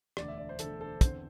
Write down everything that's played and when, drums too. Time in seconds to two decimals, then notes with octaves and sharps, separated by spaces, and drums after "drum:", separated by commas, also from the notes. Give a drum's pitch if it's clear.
0.17 E1 D2 D3 D5, drum: rim click
0.28 E5
0.38 D5
0.49 C5
0.59 E1 D2 D3 A4, drum: hi-hat
0.81 A4
1.01 E2 D3 C4 C5, drum: kick, hi-hat